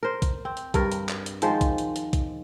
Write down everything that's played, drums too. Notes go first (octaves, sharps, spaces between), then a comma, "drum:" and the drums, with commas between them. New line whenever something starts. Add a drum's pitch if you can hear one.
A#4 C5
drum: kick, hi-hat
C4
drum: hi-hat
G2 A#4, drum: kick, hi-hat
drum: hi-hat
drum: clap
drum: hi-hat
D#3 F3 G#3 C5, drum: hi-hat
drum: kick, hi-hat
drum: hi-hat
drum: hi-hat
drum: kick, hi-hat